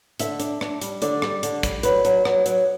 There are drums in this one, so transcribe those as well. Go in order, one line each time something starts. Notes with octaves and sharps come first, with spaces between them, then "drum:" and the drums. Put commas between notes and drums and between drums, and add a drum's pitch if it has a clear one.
D3 E5, drum: hi-hat
D4, drum: hi-hat
D4, drum: rim click
G3, drum: hi-hat
D3 D5, drum: hi-hat
G3, drum: rim click
D3, drum: hi-hat
G3, drum: kick, hi-hat
F#3 B4, drum: hi-hat
F#3, drum: hi-hat
F#3, drum: rim click
F#3, drum: hi-hat